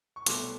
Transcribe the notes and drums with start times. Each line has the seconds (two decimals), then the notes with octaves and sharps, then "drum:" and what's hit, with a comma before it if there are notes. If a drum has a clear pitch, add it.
0.16 C#6
0.26 C2 B2 F#3 A3 C6 D6, drum: hi-hat